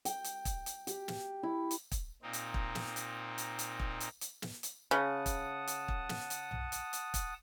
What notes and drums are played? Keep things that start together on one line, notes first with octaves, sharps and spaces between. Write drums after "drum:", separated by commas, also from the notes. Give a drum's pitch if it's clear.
G5, drum: hi-hat
drum: hi-hat
drum: kick, hi-hat
drum: hi-hat
G4, drum: hi-hat
drum: snare
E4
drum: hi-hat
drum: kick, hi-hat
A#2 C4 D#4
drum: hi-hat
drum: kick
drum: snare
drum: hi-hat
drum: hi-hat
drum: hi-hat
drum: kick
drum: hi-hat
drum: hi-hat
drum: snare
drum: hi-hat
C#3 F#5 A5 D#6
drum: kick, hi-hat
drum: hi-hat
drum: kick
drum: snare
drum: hi-hat
drum: tom B1
drum: hi-hat
drum: hi-hat
drum: kick, hi-hat